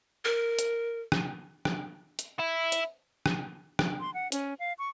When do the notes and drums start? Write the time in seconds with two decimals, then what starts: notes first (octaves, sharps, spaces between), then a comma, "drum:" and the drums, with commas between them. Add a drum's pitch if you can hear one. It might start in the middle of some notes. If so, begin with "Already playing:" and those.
0.25 A#4
0.59 drum: hi-hat
1.12 drum: rim click
1.65 drum: rim click
2.19 drum: hi-hat
2.39 E4
2.72 drum: hi-hat
3.26 drum: rim click
3.79 drum: rim click
4.00 C6
4.14 F#5
4.32 C#4, drum: hi-hat
4.59 F5
4.78 C#6